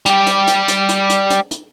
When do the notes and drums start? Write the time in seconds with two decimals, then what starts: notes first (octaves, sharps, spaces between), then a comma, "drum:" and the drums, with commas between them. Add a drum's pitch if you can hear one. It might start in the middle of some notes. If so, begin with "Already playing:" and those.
0.06 G3 G4, drum: hi-hat
0.26 drum: hi-hat
0.47 drum: hi-hat
0.68 drum: hi-hat
0.89 drum: hi-hat
1.10 drum: hi-hat
1.30 drum: hi-hat
1.51 drum: hi-hat